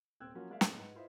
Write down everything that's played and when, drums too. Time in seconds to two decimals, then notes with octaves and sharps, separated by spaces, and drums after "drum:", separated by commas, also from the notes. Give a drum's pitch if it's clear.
0.20 D#1 C4 G5 E6 F#6 G#6
0.35 F3 F#3 A#3 C#4 F4 F#4
0.49 G#3 A#3 D5 E5 F5
0.61 F2 A2 G3 A#3 G#4 C#5, drum: snare
0.74 G#2 B4 F#5
0.94 E4 F4 B4 C5 D#5 E5